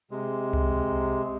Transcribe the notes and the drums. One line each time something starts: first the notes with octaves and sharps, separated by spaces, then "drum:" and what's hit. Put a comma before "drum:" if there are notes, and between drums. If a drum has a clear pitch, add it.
C3 G#3
drum: tom C2